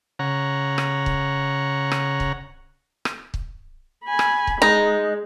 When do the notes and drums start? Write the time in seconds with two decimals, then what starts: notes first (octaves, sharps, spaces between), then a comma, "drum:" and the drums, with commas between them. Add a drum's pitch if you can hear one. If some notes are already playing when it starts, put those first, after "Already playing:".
0.19 C#3 C#5 F#5 A#5
0.78 drum: rim click
1.06 drum: kick
1.92 drum: rim click
2.20 drum: kick
3.05 drum: rim click
3.34 drum: kick
4.05 G#5 B5
4.19 drum: rim click
4.47 drum: kick
4.62 G#3 D#4